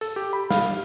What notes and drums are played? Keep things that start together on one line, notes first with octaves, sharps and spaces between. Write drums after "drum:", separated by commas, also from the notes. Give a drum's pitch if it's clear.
A4, drum: hi-hat
G4
B5
F5, drum: snare G4